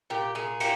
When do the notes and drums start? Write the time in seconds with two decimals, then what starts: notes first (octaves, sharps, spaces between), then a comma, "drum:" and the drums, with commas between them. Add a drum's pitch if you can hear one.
0.10 A#2 G4
0.35 A#2 G#4
0.60 A#3 G4, drum: cymbal